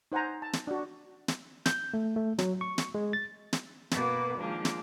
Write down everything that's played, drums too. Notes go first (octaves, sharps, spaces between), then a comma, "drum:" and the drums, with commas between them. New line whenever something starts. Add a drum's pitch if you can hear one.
D#4 C5 F#5 G#5 A#5
A5
drum: snare
D4 F#4
drum: snare
G6, drum: snare
A3
A3
F#3, drum: snare
C#6
drum: snare
G#3
A6
drum: snare
B2 A#3 F#4 B4 D6, drum: snare
D#3 F3 G#3 A#3 D4
drum: snare